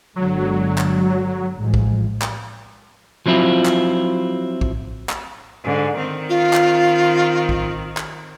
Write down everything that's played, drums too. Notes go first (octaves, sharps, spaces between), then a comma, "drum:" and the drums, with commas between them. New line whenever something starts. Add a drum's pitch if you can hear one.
G1 D3 F#3 G#3
drum: clap
A1 F3 G#3
drum: kick A#1
drum: clap
F3 F#3 C4 E4 F4
drum: clap
drum: kick A#1
drum: clap
G#2 D3
D#3 C4
F4
drum: clap
drum: kick A#1
drum: clap